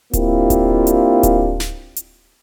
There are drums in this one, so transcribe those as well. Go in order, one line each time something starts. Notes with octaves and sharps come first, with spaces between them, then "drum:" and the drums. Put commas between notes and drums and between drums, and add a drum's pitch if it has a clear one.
A#3 C4 D4 E4 F4 G4, drum: kick D1, hi-hat
drum: kick D1, hi-hat
drum: hi-hat
drum: kick D1, hi-hat
drum: snare
drum: hi-hat